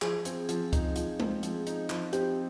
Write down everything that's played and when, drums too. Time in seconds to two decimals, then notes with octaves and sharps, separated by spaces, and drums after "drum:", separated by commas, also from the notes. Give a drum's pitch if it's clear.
0.02 F3 G#4, drum: clap
0.25 C4, drum: hi-hat
0.49 F3, drum: hi-hat
0.73 D#4, drum: kick C#2, hi-hat
0.96 F3, drum: hi-hat
1.20 C4, drum: tom G#3
1.43 F3, drum: hi-hat
1.67 D#4, drum: hi-hat
1.90 F3, drum: clap
2.13 C4 G4, drum: hi-hat